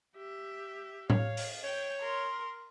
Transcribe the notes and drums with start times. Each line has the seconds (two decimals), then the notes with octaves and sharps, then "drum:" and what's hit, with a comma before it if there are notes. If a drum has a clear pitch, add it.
0.16 G4 E5
1.10 C#5 F5, drum: tom A2
1.37 drum: open hi-hat
1.64 C#5 G5
2.02 A#4 C6